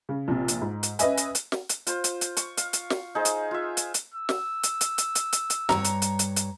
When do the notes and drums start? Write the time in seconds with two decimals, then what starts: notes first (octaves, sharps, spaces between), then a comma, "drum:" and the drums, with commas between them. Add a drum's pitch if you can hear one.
0.09 C#3
0.28 A#1 C3
0.48 drum: hi-hat
0.62 G#2
0.83 drum: hi-hat
0.99 C#4 B4 D#5 E5 G#5, drum: hi-hat
1.17 drum: hi-hat
1.35 drum: hi-hat
1.52 drum: snare
1.69 drum: hi-hat
1.87 F4 C5, drum: hi-hat
2.04 drum: hi-hat
2.21 drum: hi-hat
2.37 C#6, drum: hi-hat
2.57 F5, drum: hi-hat
2.73 drum: hi-hat
2.90 drum: snare
3.15 D#4 G#4 C5
3.25 drum: hi-hat
3.51 F4 E5
3.77 drum: hi-hat
3.94 drum: hi-hat
4.14 E6
4.29 drum: snare
4.63 drum: hi-hat
4.81 drum: hi-hat
4.98 drum: hi-hat
5.15 drum: hi-hat
5.32 drum: hi-hat
5.50 drum: hi-hat
5.69 G2 A#2 C#5 A#5, drum: snare
5.84 drum: hi-hat
6.02 drum: hi-hat
6.19 drum: hi-hat
6.36 drum: hi-hat